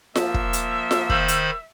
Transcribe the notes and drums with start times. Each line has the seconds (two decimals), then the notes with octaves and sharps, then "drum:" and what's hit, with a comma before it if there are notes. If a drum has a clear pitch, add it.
0.16 F3 A#3 E5, drum: snare F4
0.34 drum: kick
0.53 drum: hi-hat
0.91 drum: snare F4
1.09 D#3 C5 B5, drum: kick
1.28 drum: hi-hat